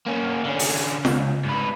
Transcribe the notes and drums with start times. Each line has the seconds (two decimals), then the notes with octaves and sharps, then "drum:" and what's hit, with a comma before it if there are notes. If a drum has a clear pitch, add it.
0.07 A#3 C#4
0.45 D3 C#4
0.59 drum: open hi-hat
1.05 C#2, drum: snare
1.45 G#2 B4